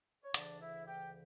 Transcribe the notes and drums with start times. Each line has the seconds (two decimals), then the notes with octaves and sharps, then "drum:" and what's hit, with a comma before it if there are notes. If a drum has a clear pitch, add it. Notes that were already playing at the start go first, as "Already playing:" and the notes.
0.23 C#5
0.34 D2 C#3 E3 D4 D5, drum: hi-hat
0.60 E4 E5
0.87 G4 G5